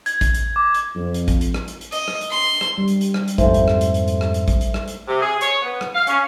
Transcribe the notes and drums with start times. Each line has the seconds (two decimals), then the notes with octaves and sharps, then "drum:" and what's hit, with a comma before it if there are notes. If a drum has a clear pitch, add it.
0.06 G#6, drum: hi-hat
0.21 drum: kick A1, hi-hat
0.34 drum: hi-hat
0.56 D6
0.74 drum: hi-hat
0.95 F2
1.14 drum: hi-hat
1.28 drum: kick A1, hi-hat
1.41 drum: hi-hat
1.54 drum: rim click
1.68 drum: hi-hat
1.81 drum: hi-hat
1.92 D#5, drum: hi-hat
2.08 drum: rim click
2.21 drum: hi-hat
2.31 C6
2.61 drum: rim click
2.78 G3
2.88 drum: hi-hat
3.01 drum: hi-hat
3.14 drum: rim click
3.28 drum: hi-hat
3.38 F2 G#2 A3 C5 E5, drum: kick A1, hi-hat
3.54 drum: hi-hat
3.68 drum: rim click
3.81 drum: hi-hat
3.94 drum: hi-hat
4.08 drum: hi-hat
4.21 drum: rim click
4.34 drum: hi-hat
4.48 drum: kick A1, hi-hat
4.61 drum: hi-hat
4.74 drum: rim click
4.88 drum: hi-hat
5.07 C3
5.21 G#4
5.41 C#5, drum: hi-hat
5.62 B3
5.81 drum: rim click
5.94 F5
6.07 C#4, drum: hi-hat